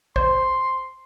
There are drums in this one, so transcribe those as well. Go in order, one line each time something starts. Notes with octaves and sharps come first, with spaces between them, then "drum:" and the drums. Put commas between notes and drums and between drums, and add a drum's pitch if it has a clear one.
C5 C6, drum: kick